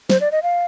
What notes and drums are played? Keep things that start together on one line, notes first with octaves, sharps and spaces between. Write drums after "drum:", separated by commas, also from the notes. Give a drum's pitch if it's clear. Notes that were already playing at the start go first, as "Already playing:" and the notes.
C5, drum: snare
D5
D#5
F5